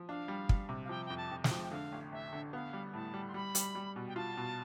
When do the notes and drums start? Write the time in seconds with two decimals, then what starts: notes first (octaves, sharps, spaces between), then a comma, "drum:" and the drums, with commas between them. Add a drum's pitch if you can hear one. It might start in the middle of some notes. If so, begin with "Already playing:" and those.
Already playing: F3
0.08 D4 F5
0.28 G3
0.49 G3, drum: kick
0.69 C3
0.85 F5
0.89 F3 G5
1.06 F2 G5
1.17 A5
1.31 F2
1.44 G5, drum: snare
1.51 F3
1.64 G5
1.71 D3 F5
1.92 A1
2.12 A1 E5
2.33 D3
2.53 B3 F5
2.73 G3
2.93 A2 A5
3.14 G3
3.28 C6
3.34 G3 B5
3.55 G3, drum: hi-hat
3.75 G3
3.96 B2
4.08 G5
4.16 F4 A5
4.37 B2